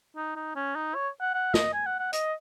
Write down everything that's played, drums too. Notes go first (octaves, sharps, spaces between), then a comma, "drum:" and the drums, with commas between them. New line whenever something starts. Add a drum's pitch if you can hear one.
D#4
D#4
C#4
D#4
C#5
F#5
F#5
D#5, drum: snare
G#5
F#5
F#5
D#5, drum: hi-hat